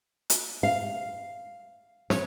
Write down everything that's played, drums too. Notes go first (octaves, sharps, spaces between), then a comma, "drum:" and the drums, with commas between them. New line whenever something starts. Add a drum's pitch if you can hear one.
drum: hi-hat
F5
C#5, drum: snare